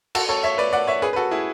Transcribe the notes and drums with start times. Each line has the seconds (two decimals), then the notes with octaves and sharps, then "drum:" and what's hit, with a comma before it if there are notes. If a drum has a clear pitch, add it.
0.15 F#4 A4, drum: cymbal
0.29 A4 C#5
0.43 C#5 E5
0.58 B4 D5
0.73 D5 F#5
0.87 C#5 E5
1.02 G#4 B4
1.13 B4
1.16 F#4 A4
1.31 E4 G#4